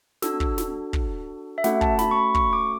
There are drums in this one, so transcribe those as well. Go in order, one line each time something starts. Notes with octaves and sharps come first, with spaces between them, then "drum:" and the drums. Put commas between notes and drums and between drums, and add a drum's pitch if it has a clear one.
D4 F#4 A4 E6, drum: snare
drum: kick
drum: snare
drum: kick
E5
A3 C#4 F#4 A4 F#5, drum: snare
A5, drum: kick
B5, drum: snare
C#6
B5
C#6, drum: kick
D6